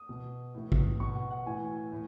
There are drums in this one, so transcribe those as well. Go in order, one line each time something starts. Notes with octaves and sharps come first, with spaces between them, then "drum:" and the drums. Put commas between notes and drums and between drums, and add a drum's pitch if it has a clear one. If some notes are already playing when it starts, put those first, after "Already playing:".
Already playing: D#6
B2
A2 E3
drum: kick A1
B2 C#6
F#5
F#5
A2 E3 G#5
A2